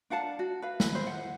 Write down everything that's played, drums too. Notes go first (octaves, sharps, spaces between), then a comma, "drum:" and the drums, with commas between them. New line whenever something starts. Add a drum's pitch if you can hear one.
D4 F5 F#5 A5
F#4
B4 F5
B4, drum: snare
C5
F#5